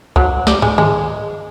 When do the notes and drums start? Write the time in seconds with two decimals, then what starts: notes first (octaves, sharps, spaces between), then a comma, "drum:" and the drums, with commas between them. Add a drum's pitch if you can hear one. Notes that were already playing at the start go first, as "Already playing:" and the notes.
0.16 F#3, drum: kick C2
0.47 G3, drum: snare
0.62 G#3, drum: tom
0.78 G#3, drum: tom D3